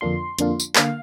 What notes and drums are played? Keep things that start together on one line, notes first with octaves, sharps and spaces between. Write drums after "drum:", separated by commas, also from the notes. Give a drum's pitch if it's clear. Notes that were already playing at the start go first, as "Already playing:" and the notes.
F2 D3 A#3 D4 F4 C6
F2 D3 A#3 D4 F4, drum: hi-hat
drum: tambourine
D3 A#3 F5, drum: clap